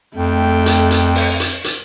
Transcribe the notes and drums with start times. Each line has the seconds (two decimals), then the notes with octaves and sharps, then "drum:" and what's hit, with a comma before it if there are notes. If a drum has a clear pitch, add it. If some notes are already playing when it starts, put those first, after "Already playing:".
0.17 F2 A3 G5
0.66 drum: hi-hat
0.91 drum: hi-hat
1.15 drum: open hi-hat
1.40 drum: hi-hat
1.64 drum: hi-hat